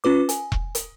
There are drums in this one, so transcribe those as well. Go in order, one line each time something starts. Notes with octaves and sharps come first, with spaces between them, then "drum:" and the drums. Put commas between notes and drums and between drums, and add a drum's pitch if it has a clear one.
C#4 F4 B4 D6
G#5, drum: hi-hat
drum: kick E1
drum: hi-hat